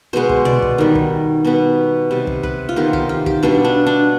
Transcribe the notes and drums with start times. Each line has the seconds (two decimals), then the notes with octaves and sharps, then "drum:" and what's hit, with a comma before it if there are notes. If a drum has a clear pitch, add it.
0.13 B2 G#3 B3 C5
0.29 drum: kick
0.45 D5, drum: tom
0.62 drum: kick
0.78 D#3 G3 B3
0.95 drum: kick
1.45 B2 G3 B3
2.11 C3 G3 B3
2.27 drum: kick
2.43 B4, drum: kick
2.69 F4
2.76 C3 D#3 B3 G4
2.93 G4, drum: kick
3.09 F4
3.26 G4, drum: kick
3.43 B2 G3 B3 D4
3.65 D4
3.87 D4